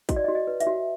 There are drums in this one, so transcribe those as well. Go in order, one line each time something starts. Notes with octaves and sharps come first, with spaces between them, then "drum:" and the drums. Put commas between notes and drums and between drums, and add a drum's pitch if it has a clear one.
F#4 D#5, drum: kick, hi-hat
D5
D#5
F#4
D#5
B4
E5, drum: hi-hat
F#4